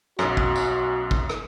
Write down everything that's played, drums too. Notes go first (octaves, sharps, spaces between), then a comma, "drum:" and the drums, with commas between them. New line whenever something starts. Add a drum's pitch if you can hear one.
B1 F#2 F#4, drum: rim click
drum: kick
drum: tambourine
drum: kick
drum: rim click